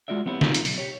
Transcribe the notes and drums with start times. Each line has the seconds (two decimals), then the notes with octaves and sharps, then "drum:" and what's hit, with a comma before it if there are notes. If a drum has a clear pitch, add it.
0.08 G#3 F4 F#4 D5 E5
0.26 F3 B3 C4 E4 G4 C#5
0.41 C4 D#4 F4 A#4, drum: snare
0.54 drum: hi-hat
0.65 B1, drum: open hi-hat
0.78 G4 C#5